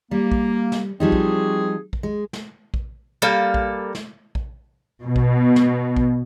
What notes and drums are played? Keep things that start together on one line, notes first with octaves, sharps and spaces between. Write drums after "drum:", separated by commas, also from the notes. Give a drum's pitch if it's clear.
G3 A#3
drum: kick A#1
drum: snare
F3 G3 C4 D#4 F#4 G#4
drum: kick A#1
drum: kick A#1
G#3
drum: snare
drum: kick A#1
G3 A#3 A4
drum: kick A#1
drum: snare
drum: kick A#1
B2
drum: kick A#1
drum: snare
drum: kick A#1